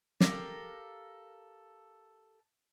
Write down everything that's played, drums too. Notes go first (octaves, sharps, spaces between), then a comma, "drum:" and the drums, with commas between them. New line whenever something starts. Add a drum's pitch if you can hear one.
G4 A4 A#4 F5, drum: snare